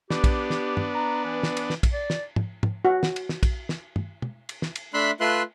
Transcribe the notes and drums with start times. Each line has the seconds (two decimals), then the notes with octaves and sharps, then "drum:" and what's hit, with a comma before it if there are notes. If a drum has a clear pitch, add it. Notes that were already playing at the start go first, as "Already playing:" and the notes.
0.11 B3 D4 G4, drum: snare
0.24 drum: kick, cymbal
0.50 drum: snare
0.77 drum: tom
0.95 A#5
1.25 E3
1.43 drum: snare
1.57 drum: cymbal
1.70 drum: snare
1.83 drum: kick, cymbal
1.93 D5
2.10 drum: snare
2.36 drum: tom
2.63 drum: tom
2.85 F#4
3.03 drum: snare
3.16 drum: cymbal
3.29 drum: snare
3.43 drum: kick, cymbal
3.69 drum: snare
3.96 drum: tom
4.22 drum: tom
4.49 drum: cymbal
4.62 drum: snare
4.76 drum: cymbal
4.94 A3 D4 E5 B5 C6 F#6
5.20 A3 F4 B4 E5 C6 F#6